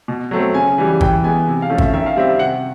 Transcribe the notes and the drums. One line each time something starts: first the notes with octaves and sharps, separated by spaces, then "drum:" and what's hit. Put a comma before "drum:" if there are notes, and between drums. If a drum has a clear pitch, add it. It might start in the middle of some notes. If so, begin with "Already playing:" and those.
B2
F#3 A3 C4
C#3 G#5
E3 G3
E3 G5, drum: kick
G#3 B3 G#5
C3
F5
F3 A3 C#4
E5, drum: kick
D#3 E5
F5
G3 C4 E5
C3 F#5